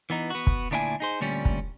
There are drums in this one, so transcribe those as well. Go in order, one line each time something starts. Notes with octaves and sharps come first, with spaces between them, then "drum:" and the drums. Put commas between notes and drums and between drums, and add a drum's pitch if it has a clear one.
E3 B3 D#4
B3 F#4
drum: kick
D2 A#2 D4 E4 F4 G#5
D#4 G#4 C5
D2 A#2 G3 C#4
drum: kick